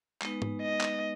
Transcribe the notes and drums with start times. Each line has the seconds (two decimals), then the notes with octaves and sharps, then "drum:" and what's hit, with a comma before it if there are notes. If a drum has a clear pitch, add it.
0.22 G#3 B3 D#4 B4, drum: clap
0.42 drum: tom G#2
0.62 D#5
0.81 drum: clap